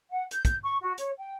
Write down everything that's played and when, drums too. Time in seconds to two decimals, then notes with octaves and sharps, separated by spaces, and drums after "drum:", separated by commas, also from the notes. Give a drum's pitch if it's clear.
0.09 F#5
0.31 G6, drum: hi-hat
0.45 drum: kick, hi-hat
0.63 C#6
0.81 F#4
0.98 C#5, drum: hi-hat
1.18 G5